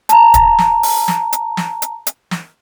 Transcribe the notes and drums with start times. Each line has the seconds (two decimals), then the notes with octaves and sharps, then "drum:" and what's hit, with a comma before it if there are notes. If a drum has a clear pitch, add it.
0.09 A5 A#5, drum: hi-hat
0.34 drum: kick, hi-hat
0.59 drum: snare
0.83 drum: open hi-hat
1.08 drum: snare
1.33 drum: hi-hat
1.57 drum: snare
1.82 drum: hi-hat
2.07 drum: hi-hat
2.31 drum: snare